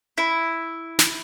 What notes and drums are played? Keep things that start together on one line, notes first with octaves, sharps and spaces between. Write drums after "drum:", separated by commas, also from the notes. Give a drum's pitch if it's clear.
E4
drum: snare